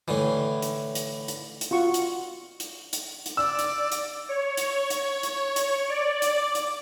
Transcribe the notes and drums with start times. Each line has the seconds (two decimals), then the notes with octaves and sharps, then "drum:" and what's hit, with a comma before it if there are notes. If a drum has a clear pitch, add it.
0.08 A2 D3 E3
0.62 drum: hi-hat
0.95 drum: hi-hat
1.28 drum: hi-hat
1.61 drum: hi-hat
1.71 F4 F#4 C#6
1.94 drum: hi-hat
2.60 drum: hi-hat
2.93 drum: hi-hat
3.26 drum: hi-hat
3.37 D5 E6
3.59 drum: hi-hat
3.92 drum: hi-hat
4.29 C#5
4.57 drum: hi-hat
4.90 drum: hi-hat
5.23 drum: hi-hat
5.56 drum: hi-hat
5.89 D5
6.22 drum: hi-hat
6.55 drum: hi-hat